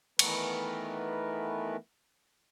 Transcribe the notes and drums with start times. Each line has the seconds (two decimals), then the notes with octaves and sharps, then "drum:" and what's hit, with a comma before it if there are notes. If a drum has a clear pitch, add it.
0.19 D#3 E3 A3 B3 A#4 B4, drum: cymbal